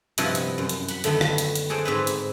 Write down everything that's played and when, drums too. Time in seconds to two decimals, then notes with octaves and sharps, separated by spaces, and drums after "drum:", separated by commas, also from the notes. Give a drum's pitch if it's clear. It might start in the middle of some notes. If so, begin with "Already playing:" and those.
0.18 G2 C3 F3 E4 F#4 D#5, drum: hi-hat
0.35 drum: hi-hat
0.58 F#2
0.69 drum: hi-hat
0.89 F#5 B5, drum: hi-hat
1.04 D3 D#3 A3 B3, drum: hi-hat
1.21 drum: rim click
1.38 drum: hi-hat
1.55 drum: hi-hat
1.69 F#4 G#4 A4 C5 D5
1.85 G#2 C4 B4
2.07 drum: hi-hat